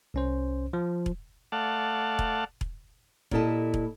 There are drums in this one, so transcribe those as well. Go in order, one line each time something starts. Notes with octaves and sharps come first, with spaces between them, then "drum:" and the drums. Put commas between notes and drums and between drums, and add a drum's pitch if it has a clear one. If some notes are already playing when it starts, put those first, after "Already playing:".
C2 C#4 C5
F3
drum: kick E1
A3 D5 F5 F#5 A5
drum: kick E1
drum: kick E1
A#2 E4 G4 A4 D#5 A5, drum: kick E1
drum: kick E1